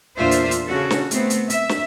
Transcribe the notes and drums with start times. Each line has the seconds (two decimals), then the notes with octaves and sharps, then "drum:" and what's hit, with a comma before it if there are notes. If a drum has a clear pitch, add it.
0.17 E2 A#2 D4 F4 C5 E5
0.31 drum: hi-hat
0.51 drum: hi-hat
0.67 C#3 C#4 F#4 A4
0.90 drum: snare
1.11 A3 B3 C4, drum: hi-hat
1.30 drum: hi-hat
1.50 E5, drum: hi-hat
1.69 drum: snare